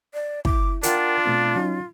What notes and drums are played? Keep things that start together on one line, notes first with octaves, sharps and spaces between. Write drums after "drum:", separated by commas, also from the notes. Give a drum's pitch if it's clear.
D5
E4 D6, drum: kick
D4 F4 A#4 F#5 G5, drum: hi-hat
B2 A3 C4
F#3 C#4 D#4